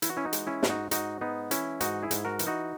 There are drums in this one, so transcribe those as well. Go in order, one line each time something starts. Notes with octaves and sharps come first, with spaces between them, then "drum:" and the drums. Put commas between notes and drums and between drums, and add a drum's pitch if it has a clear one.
E3 E4, drum: hi-hat
F#4
C#4 E4
D#4 F#4
G#3, drum: hi-hat
C#4 E4
G#2, drum: snare
D#4 F#4
G#2 D#4 F#4, drum: hi-hat
G#3 B3 D#4
E3 C#4 E4, drum: hi-hat
G#2 D#4 F#4, drum: hi-hat
E4 G#4
G#2, drum: hi-hat
F#4 A#4
E3, drum: hi-hat
D#4 F#4